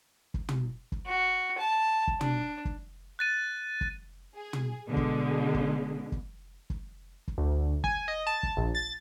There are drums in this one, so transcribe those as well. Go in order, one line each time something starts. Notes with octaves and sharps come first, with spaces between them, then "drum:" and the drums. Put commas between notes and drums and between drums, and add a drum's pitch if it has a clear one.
drum: kick
drum: tom
drum: kick
F#4
A5
drum: kick
D4, drum: tom
drum: kick
F#6 A6 D#7
drum: kick
G#4
drum: tom
B2 D3 G#3
drum: kick
drum: kick
drum: kick
drum: kick
drum: kick
D2
G#5, drum: kick
D#5
A5
drum: kick
A#1
A6